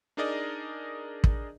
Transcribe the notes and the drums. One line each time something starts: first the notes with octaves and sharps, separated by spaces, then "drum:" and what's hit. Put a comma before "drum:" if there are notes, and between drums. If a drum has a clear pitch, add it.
D4 D#4 G#4 A#4 D5 D#5
drum: kick